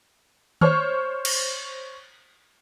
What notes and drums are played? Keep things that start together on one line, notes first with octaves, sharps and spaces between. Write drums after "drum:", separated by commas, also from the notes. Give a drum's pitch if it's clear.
C5 C#5 C#6 F6, drum: tom D#3
drum: cymbal